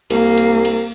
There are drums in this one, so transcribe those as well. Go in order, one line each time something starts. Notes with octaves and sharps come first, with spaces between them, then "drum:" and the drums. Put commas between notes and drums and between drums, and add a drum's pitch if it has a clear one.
C2 A#3, drum: cymbal
drum: cymbal
drum: cymbal